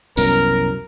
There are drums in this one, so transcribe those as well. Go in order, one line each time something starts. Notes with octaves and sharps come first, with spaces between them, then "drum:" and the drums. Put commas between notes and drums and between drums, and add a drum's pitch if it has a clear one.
C2 F#2 B2 A#4, drum: tambourine